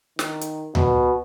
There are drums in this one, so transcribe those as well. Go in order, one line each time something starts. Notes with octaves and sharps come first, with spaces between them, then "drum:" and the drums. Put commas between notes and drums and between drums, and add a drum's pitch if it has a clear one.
D#3, drum: snare
drum: hi-hat
B2, drum: tom D2